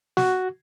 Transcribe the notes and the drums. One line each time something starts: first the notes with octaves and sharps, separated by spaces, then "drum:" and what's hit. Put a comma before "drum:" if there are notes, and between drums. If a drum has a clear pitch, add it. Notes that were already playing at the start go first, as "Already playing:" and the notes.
F#4, drum: snare